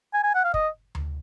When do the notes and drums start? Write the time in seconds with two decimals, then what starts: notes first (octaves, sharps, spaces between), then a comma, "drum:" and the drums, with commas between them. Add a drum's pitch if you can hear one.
0.14 G#5
0.24 G#5
0.35 F#5
0.44 F5
0.54 D#5, drum: kick
0.95 drum: tom D2